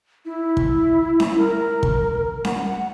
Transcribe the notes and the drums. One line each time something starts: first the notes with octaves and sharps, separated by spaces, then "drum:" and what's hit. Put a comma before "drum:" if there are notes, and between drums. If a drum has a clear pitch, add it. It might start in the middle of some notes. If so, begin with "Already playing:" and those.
E4
drum: kick
drum: snare C#4
A#4
drum: kick
F#5, drum: snare C#4